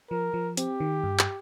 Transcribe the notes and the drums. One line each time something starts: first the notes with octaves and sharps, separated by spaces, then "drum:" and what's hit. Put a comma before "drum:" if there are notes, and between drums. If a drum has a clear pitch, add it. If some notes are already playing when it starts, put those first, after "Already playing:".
F3 A#4
F3
C4 G4, drum: hi-hat
D#3
G2
drum: clap